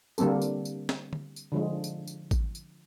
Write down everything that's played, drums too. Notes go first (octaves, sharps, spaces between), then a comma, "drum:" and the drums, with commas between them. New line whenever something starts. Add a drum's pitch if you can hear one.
D3 G3 A#3 C4 A4, drum: tambourine
drum: tambourine
drum: tambourine
drum: snare
drum: tom
drum: tambourine
D3 F3 G#3
drum: tambourine
drum: tambourine
drum: kick A1, tambourine
drum: tambourine